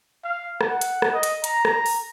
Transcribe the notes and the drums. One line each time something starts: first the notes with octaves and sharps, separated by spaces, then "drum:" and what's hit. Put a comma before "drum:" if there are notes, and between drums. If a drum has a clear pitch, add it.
F5
F#5, drum: rim click
drum: hi-hat
drum: rim click
D#5
drum: hi-hat
A#5, drum: hi-hat
drum: rim click
drum: open hi-hat